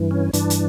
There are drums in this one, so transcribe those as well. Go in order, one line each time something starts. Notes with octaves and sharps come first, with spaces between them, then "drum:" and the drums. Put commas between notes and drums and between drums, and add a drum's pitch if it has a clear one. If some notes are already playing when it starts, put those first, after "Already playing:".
Already playing: G2 E3
C#4
G2 E3 D4, drum: hi-hat
drum: hi-hat